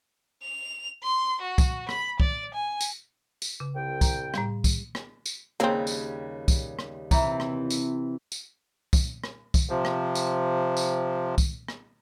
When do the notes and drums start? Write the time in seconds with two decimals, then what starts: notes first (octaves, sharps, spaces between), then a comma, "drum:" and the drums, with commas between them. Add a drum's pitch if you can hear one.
0.42 F7
1.03 C6
1.41 F#4
1.58 drum: kick, tambourine
1.89 B5, drum: rim click
2.20 D5, drum: kick
2.54 G#5
2.81 drum: tambourine
3.42 drum: tambourine
3.60 C#3
3.76 C2 G5
4.01 A#5 G6, drum: kick, tambourine
4.34 A2 G3, drum: rim click
4.64 drum: kick, tambourine
4.95 drum: rim click
5.26 drum: tambourine
5.60 D#2 C#3 G3 A#3 C4
5.87 drum: tambourine
6.48 drum: kick, tambourine
6.79 drum: rim click
7.11 C3 E3 E5 A#5, drum: kick, tambourine
7.40 drum: rim click
7.70 drum: tambourine
8.32 drum: tambourine
8.93 drum: kick, tambourine
9.24 drum: rim click
9.54 drum: kick, tambourine
9.69 C3 F3
9.85 drum: rim click
10.15 drum: tambourine
10.77 drum: tambourine
11.38 drum: kick, tambourine
11.68 drum: rim click